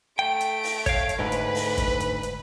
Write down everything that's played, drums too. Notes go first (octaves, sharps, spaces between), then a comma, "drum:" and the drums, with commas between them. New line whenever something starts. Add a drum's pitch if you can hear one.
A3 G5 D7
drum: hi-hat
drum: open hi-hat
C#5 F5, drum: kick, hi-hat
drum: hi-hat
D2 G#2 D3 B4
drum: hi-hat
drum: open hi-hat
drum: kick, hi-hat
drum: hi-hat
drum: hi-hat